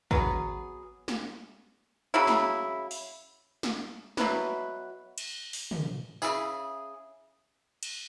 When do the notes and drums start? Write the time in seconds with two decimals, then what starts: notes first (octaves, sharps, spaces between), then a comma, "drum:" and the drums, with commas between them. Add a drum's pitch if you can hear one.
0.11 F#3 B3 G#4, drum: kick
1.08 drum: snare
2.14 C#3 F#3 E4
2.27 drum: snare
2.91 drum: open hi-hat
3.63 drum: snare
4.17 B2 F#3 E4 B4, drum: snare
5.18 drum: cymbal
5.53 drum: open hi-hat
5.71 drum: tom
6.22 C#3 G#3 E4 G#4, drum: tambourine
7.83 drum: cymbal